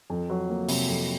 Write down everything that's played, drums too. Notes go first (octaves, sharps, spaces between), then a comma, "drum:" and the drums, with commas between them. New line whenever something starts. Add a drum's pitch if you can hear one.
F2
F#3
A#3
C3, drum: open hi-hat
F2